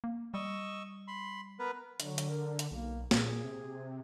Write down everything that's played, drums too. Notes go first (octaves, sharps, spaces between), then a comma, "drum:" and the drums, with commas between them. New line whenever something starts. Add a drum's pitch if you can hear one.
A#3
G3 D#5 C#6 E6
B5 C6
B3 A#4 B4
D3 F#3, drum: hi-hat
drum: hi-hat
A#4
drum: hi-hat
B1 A#3
A#2 G#4, drum: snare
C3